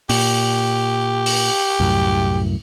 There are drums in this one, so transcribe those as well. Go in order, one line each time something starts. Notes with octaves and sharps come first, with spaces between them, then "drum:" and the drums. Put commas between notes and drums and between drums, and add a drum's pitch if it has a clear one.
A#2 G4, drum: open hi-hat
drum: open hi-hat
C2 F#2 A2